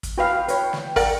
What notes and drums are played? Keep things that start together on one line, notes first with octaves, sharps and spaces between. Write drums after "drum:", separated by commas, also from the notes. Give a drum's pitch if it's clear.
drum: kick, hi-hat
F#4 B4 F5 G5
B4 C#5, drum: hi-hat
drum: snare
A#4 D5 F#5, drum: kick, open hi-hat